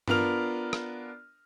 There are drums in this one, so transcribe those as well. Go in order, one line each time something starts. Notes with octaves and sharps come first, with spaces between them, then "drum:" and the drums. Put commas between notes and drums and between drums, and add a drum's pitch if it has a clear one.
B3 D4 F4 A#4 F6 F7, drum: tom G2
drum: rim click